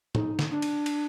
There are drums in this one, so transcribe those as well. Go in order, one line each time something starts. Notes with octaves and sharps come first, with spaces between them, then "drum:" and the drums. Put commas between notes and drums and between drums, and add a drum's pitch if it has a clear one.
D#4, drum: tom A2
drum: snare
D4
drum: cymbal
drum: cymbal